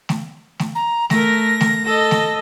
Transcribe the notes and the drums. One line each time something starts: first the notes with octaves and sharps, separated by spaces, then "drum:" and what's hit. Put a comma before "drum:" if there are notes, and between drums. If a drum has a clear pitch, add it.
drum: snare A3
drum: snare A3
A#5
A3 A#4 A#6, drum: snare A3
drum: snare A3
A4 D#5
drum: snare A3